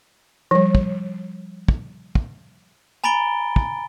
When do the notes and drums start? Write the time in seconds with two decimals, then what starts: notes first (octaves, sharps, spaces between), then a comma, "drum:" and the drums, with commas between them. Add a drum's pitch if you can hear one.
0.51 F3 G3
0.75 drum: kick
1.68 drum: kick
2.15 drum: kick
3.04 G#5 A#5 B5 A6 D7 G7
3.56 drum: kick